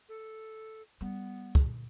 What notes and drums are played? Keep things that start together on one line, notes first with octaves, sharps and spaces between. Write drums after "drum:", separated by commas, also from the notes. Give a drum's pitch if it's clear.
A4
G3 B3
drum: kick